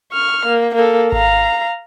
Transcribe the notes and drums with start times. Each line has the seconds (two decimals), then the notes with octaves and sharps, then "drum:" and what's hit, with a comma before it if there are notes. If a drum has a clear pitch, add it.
0.12 C#6 F6
0.46 A#3
0.75 A#3 A4
1.12 F5 A#5, drum: kick G#1